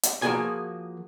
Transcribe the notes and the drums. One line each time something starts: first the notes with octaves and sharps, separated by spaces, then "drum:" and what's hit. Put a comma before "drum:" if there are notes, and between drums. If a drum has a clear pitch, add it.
drum: hi-hat
F3 A#3 C4 F#4 G#4 G#5